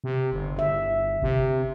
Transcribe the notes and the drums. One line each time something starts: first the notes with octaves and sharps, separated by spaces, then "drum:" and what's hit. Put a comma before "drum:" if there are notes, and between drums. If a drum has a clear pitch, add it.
C3
G1
D3 E5
C3, drum: kick G1